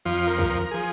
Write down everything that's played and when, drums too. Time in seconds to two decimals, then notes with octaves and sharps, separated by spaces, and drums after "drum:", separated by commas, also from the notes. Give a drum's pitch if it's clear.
0.05 F2 F3 F4
0.27 A#4
0.39 drum: kick
0.50 A#4
0.71 F3 G#4